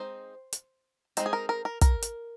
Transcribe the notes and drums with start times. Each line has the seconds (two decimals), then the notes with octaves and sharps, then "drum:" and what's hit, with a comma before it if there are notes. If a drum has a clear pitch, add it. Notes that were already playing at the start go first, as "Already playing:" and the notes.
Already playing: G#3 C4 D#4 C5
0.53 drum: hi-hat
1.17 G#3 C4 D#4 C5, drum: hi-hat
1.26 G#4
1.33 A#4
1.49 A#4
1.65 A#4
1.82 A#4, drum: kick, hi-hat
2.03 drum: hi-hat